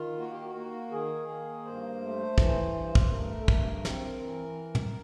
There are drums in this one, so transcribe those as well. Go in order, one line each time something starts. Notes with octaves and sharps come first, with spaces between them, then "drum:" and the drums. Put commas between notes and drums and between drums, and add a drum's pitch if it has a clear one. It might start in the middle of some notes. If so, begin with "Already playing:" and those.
Already playing: D#3 F4
A#3 F#4
G4
F#4
A#3
D#3 G#4
A#3
G2 C5
A3
E3, drum: kick
G2
drum: kick
A3 A#4
A4
G2 A#4, drum: kick
C4, drum: snare
E3
drum: tom